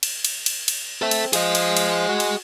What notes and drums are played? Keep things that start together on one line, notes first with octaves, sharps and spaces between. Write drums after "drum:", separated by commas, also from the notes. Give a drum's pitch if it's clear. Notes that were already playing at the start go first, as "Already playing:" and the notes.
drum: cymbal
drum: cymbal
drum: cymbal
drum: cymbal
C4 A4 E5
drum: cymbal
F3 G#4 D#5, drum: cymbal
drum: cymbal
drum: cymbal
F#4
drum: cymbal